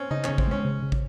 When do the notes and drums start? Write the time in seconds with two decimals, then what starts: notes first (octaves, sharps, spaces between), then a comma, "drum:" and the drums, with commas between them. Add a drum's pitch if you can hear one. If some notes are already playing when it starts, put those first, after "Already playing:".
Already playing: C4 C#4
0.11 C#3 D#4
0.24 C#4, drum: clap
0.29 C#3
0.38 C4, drum: kick
0.47 G#3 C#4
0.65 C#3
0.82 C#3
0.92 drum: kick